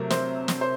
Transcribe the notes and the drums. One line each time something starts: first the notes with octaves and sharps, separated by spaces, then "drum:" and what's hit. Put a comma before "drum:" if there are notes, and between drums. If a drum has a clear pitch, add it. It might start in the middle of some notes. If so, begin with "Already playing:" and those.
Already playing: C3 F#3 A3 A#4
C5, drum: snare
drum: snare
C5